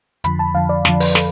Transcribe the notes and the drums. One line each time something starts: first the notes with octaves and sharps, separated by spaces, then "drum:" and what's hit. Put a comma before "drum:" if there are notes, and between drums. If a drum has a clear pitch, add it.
F2 D3 F3 B5, drum: hi-hat
A5
F2 D3 F3 F5
D5
F2 D3 F3, drum: snare
B4, drum: open hi-hat
A4, drum: snare